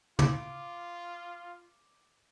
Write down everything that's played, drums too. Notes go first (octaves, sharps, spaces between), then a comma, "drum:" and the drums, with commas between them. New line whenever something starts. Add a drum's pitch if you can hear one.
F4 D6, drum: tom